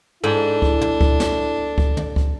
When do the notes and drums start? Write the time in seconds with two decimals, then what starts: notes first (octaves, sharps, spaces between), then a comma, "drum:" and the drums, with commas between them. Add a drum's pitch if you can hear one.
0.24 G#2 D4 E4 A4
0.62 drum: kick C#2
0.81 drum: tom
1.01 drum: kick C#2
1.20 drum: snare
1.78 drum: kick C#2
1.97 drum: tom
2.16 drum: kick C#2